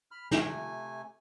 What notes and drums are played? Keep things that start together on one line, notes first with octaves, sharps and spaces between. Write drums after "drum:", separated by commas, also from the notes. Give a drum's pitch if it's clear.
B5 F6
C3 A3 F4 G#5, drum: snare